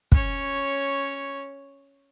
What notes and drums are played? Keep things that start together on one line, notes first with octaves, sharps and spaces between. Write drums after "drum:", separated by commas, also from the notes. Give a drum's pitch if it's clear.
C#4 C#5, drum: kick